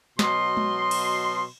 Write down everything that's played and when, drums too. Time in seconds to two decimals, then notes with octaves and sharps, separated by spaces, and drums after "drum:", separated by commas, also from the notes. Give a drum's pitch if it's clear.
0.19 B2 F#3 D#5 C6, drum: snare
0.57 drum: tom G#3
0.91 drum: cymbal